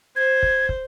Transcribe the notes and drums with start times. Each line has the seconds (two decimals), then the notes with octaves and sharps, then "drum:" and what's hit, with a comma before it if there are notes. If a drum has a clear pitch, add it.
0.16 C5 G#6
0.43 drum: kick
0.69 drum: kick